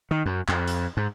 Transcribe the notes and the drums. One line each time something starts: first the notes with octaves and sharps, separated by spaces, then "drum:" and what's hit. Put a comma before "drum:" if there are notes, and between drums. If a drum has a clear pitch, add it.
D#3
F#2
F2, drum: clap
drum: hi-hat
G#2